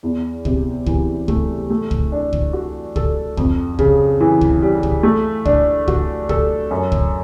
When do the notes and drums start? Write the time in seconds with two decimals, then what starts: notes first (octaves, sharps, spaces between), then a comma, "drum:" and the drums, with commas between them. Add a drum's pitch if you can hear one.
0.03 E2
0.45 C3, drum: kick
0.86 E3, drum: kick
1.28 A3, drum: kick
1.70 A3
1.91 drum: kick
2.12 D4
2.33 drum: kick
2.53 F#4
2.96 A4, drum: kick
3.37 F2, drum: kick
3.79 C#3, drum: kick
4.20 E3
4.41 drum: kick
4.62 G3
4.83 drum: kick
5.03 A3
5.45 D4, drum: kick
5.88 F#4, drum: kick
6.29 A4, drum: kick
6.71 F#2
6.92 drum: kick